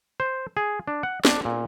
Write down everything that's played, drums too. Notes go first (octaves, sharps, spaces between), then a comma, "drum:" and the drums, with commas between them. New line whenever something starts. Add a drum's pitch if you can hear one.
C5
G#4
D4
F#5
D4, drum: snare
A#2